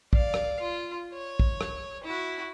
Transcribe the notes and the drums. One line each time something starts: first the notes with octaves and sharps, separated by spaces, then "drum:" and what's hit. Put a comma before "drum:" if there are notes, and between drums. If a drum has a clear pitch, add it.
D5 F5, drum: kick
drum: rim click
F4
C#5
drum: kick
drum: rim click
E4 F#4